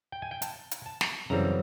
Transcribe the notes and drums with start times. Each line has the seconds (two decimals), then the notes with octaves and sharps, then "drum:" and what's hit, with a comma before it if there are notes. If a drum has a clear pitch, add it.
0.12 G5
0.22 G#5
0.31 G5
0.42 A5, drum: hi-hat
0.71 drum: hi-hat
0.86 A5
1.01 drum: snare
1.30 F#2 C#3 E3 G3 C4 A#5